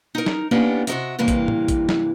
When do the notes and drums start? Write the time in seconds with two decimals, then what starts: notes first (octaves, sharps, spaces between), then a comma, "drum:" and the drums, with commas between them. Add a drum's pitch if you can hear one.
0.15 D#4 A#4
0.26 drum: snare
0.51 A#3 B3 C#4 D4 E4 G4
0.87 C3 F#4 A#4 D#5 E5, drum: hi-hat
1.19 G2 C3 E3 A#3
1.28 drum: kick, hi-hat
1.48 drum: tom A2
1.68 drum: kick, hi-hat
1.89 drum: snare